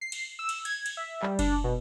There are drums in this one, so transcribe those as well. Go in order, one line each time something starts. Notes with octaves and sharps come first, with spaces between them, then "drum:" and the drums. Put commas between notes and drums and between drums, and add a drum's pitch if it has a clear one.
C7
drum: cymbal
E6
drum: cymbal
G#6, drum: cymbal
drum: cymbal
E5
G3, drum: clap
D4, drum: kick F#1, cymbal
B2